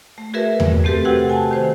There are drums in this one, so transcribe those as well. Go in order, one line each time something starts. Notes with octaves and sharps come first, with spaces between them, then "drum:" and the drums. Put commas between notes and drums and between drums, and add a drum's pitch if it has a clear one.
A3
F#4 G#4 A#4 B4 E5
drum: tom E2
A3 C4 G4 A4 B4
C3 F#4 F#5 G5 G#6
G#5 A5
D#3 C5